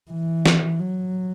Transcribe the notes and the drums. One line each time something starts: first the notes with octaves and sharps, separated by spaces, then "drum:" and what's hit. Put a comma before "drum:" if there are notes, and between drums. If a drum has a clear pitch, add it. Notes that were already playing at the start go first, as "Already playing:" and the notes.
E3
drum: snare
F#3